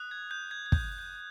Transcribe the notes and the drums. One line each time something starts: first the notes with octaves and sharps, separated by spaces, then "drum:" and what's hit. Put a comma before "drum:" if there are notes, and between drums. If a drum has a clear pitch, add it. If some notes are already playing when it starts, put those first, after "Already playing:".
Already playing: D#6 F#6
G#6
G6
G#6
G#6
G6, drum: kick
G6